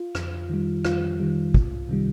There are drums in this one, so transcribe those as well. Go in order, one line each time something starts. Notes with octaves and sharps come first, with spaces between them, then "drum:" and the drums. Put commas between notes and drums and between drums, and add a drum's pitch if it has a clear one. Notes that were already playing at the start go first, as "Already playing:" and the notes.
Already playing: F4
F2, drum: rim click
D#3 G3
F2 F4, drum: rim click
D#3 G3
C2, drum: kick
C3 D#3 G3